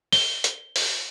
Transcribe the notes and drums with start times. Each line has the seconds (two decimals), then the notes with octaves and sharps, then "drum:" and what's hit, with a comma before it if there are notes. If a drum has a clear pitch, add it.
0.13 G7, drum: open hi-hat
0.44 drum: hi-hat
0.76 drum: open hi-hat